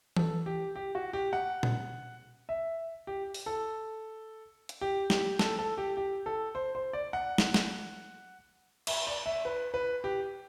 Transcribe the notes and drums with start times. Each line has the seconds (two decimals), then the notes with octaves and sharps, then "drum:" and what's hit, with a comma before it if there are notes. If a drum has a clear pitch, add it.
0.17 A4, drum: tom E3
0.46 G4
0.76 G4
0.95 F#4
1.13 G4
1.33 F#5
1.63 drum: tom A#2
2.49 E5
3.07 G4
3.34 drum: open hi-hat
3.46 A4
4.69 drum: hi-hat
4.81 G4
5.10 G4, drum: snare
5.39 A4, drum: snare
5.59 A4
5.78 G4
5.97 G4
6.26 A4
6.55 C5
6.75 C5
6.93 D5
7.13 F#5
7.38 drum: snare
7.54 drum: snare
8.87 E5, drum: cymbal
9.07 D5
9.26 E5
9.45 B4
9.74 B4
10.04 G4